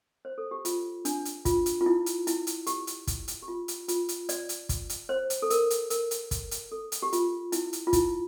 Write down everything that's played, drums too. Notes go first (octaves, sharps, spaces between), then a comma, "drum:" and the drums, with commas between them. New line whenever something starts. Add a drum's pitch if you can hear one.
C5
A4
G4
F4, drum: hi-hat
D4, drum: hi-hat
drum: hi-hat
F4, drum: kick, hi-hat
drum: hi-hat
F4
E4
drum: hi-hat
E4, drum: hi-hat
drum: hi-hat
G4, drum: hi-hat
drum: hi-hat
drum: kick, hi-hat
drum: hi-hat
G4
F4
drum: hi-hat
F4, drum: hi-hat
drum: hi-hat
D5, drum: hi-hat
drum: hi-hat
drum: kick, hi-hat
drum: hi-hat
C5
drum: hi-hat
A4
A#4, drum: hi-hat
drum: hi-hat
A#4, drum: hi-hat
drum: hi-hat
drum: kick, hi-hat
drum: hi-hat
A4
drum: hi-hat
G4
F4, drum: hi-hat
E4, drum: hi-hat
drum: hi-hat
F4
E4, drum: kick, hi-hat